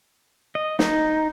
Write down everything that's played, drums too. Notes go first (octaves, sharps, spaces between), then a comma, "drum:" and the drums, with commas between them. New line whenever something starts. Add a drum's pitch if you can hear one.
D#5
D#4, drum: snare